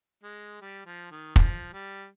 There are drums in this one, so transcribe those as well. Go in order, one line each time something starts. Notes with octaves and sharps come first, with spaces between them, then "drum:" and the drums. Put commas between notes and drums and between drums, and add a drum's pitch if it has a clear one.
G#3
G3
F3
D#3
F3, drum: kick
G3